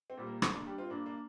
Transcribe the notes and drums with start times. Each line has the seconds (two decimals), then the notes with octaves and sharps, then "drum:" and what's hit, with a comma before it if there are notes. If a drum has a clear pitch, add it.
0.10 C4
0.17 A#2 G3
0.26 A#3
0.42 G2, drum: rim click
0.54 A#3 D4
0.66 G3 D4 G4
0.78 C4 F4
0.90 G2 A#3 D4
1.06 A#3 D4